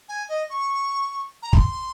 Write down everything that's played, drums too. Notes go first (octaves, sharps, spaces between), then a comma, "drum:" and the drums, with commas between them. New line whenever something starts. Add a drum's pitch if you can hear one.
G#5
D#5
C#6
A#5
C6, drum: kick